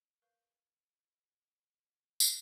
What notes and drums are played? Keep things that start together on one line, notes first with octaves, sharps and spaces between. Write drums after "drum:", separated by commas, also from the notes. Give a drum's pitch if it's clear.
A#4 B4 F5 C#6 F#6 G6
drum: tambourine